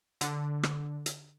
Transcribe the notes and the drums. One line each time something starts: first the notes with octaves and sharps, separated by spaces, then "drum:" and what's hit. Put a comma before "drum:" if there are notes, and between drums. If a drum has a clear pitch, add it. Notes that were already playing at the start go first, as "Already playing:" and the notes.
D3, drum: hi-hat
drum: rim click
drum: hi-hat